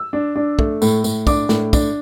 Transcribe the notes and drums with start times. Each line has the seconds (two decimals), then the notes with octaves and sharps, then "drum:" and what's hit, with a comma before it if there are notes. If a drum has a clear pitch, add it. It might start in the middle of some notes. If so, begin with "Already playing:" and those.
Already playing: E6
0.13 D4
0.36 D4
0.59 A3, drum: kick
0.82 A2, drum: tambourine
1.04 A2, drum: tambourine
1.27 D4 D6, drum: kick, tambourine
1.49 A2, drum: snare
1.73 D4, drum: kick, tambourine